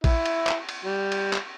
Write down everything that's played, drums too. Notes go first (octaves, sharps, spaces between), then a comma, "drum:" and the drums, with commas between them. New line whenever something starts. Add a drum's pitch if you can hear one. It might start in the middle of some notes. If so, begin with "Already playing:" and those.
E4, drum: kick A#1, cymbal
drum: cymbal
drum: clap
drum: cymbal
G3
drum: cymbal
drum: clap